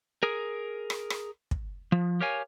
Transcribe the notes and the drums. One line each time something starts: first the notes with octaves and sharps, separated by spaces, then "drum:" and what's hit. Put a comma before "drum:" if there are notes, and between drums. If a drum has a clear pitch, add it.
G#4 A#4
drum: rim click
drum: rim click
drum: kick
F3
G4 A#4 C#5 F5 G#5